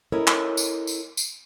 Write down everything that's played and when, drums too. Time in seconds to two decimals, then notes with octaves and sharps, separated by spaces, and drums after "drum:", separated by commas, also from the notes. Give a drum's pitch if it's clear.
0.12 C#4 E4 A4 A#4 C#5 D#5
0.27 drum: clap
0.57 drum: tambourine
0.87 drum: tambourine
1.17 drum: tambourine